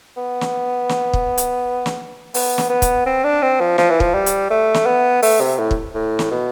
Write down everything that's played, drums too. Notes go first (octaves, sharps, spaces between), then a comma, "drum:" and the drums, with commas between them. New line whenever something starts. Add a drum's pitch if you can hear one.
B3
drum: snare
drum: snare
drum: kick
drum: hi-hat
drum: snare
B3, drum: open hi-hat
drum: snare
B3
drum: kick, hi-hat
C4
D4
C4
F3
F3, drum: snare
E3
F3, drum: kick
G3
drum: hi-hat
A3
drum: snare
B3
A3, drum: open hi-hat
C3
A2
drum: kick
A2
drum: snare
B2